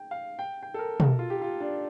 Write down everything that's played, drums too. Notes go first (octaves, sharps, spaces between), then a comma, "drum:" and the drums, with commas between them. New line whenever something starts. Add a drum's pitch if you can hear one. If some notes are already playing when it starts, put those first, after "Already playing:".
Already playing: G5
F5
G5
G5
A4
A#4
drum: tom
F4
G4
F4
D4